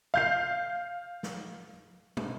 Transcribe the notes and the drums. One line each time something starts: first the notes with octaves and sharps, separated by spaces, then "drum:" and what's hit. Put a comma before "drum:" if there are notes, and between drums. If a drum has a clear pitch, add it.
F5 G6 C7
drum: snare
drum: tom